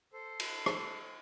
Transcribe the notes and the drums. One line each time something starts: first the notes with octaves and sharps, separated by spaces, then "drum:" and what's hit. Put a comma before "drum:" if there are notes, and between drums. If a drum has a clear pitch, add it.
A4 C5
drum: cymbal
drum: rim click